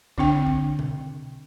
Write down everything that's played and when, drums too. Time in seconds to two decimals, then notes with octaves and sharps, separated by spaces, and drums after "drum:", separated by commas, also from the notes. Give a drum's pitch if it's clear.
0.18 D3 C4 D4 G5, drum: kick B1
0.47 drum: kick B1
0.79 drum: tom B2